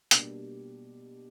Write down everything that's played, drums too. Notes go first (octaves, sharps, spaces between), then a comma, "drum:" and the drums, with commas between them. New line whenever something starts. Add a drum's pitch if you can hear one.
B2 G3 A#3 D4 G4, drum: hi-hat